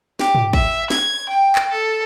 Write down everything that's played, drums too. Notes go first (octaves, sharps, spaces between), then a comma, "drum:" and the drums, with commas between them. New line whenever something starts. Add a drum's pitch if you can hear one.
G4, drum: snare
drum: tom
E5, drum: kick
G#6, drum: snare
G5
drum: clap
A4